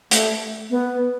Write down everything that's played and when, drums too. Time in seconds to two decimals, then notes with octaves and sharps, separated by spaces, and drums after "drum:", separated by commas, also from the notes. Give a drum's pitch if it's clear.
0.11 A3, drum: hi-hat
0.70 B3